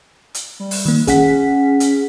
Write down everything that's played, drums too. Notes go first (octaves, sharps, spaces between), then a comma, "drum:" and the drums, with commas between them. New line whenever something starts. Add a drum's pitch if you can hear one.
drum: hi-hat
G3
drum: open hi-hat
D#3 A#3
C#4 G#4 F#5 B6, drum: kick, hi-hat
drum: hi-hat